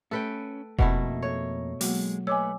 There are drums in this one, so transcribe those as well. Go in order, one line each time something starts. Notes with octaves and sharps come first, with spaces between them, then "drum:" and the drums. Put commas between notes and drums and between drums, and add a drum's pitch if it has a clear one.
A3 C#4 A4 B4 G5
F2 B2 A3 A#3 C4 E4 F#5, drum: kick E1
A4 C#5
F#3 G#3 A#3 B3 F#4, drum: open hi-hat
A3 B4 C#5 D#5 G#5 D6 E6